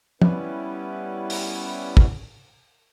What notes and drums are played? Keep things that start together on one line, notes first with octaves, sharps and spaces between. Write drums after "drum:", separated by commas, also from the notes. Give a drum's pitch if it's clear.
G3 B3 C#4 E4 B4, drum: tom
drum: open hi-hat
drum: kick